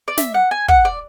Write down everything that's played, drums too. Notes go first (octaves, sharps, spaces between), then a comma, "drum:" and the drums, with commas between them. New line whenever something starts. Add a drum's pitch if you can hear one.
D5
E5, drum: snare
F#5
G#5
F#5, drum: kick
D5